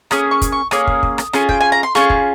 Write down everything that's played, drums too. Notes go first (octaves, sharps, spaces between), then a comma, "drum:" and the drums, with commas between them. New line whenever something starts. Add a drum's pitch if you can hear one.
A#3 C#4 G#4 D#6, drum: rim click
C#6
drum: kick, hi-hat
C#6
A#3 C#4 G#4 D#6, drum: rim click
drum: kick
drum: kick
drum: rim click
C#4 F4 G#4, drum: rim click
G5, drum: kick
G#5
A#5
C6
C#4 F4 G#4 C#6, drum: rim click
drum: kick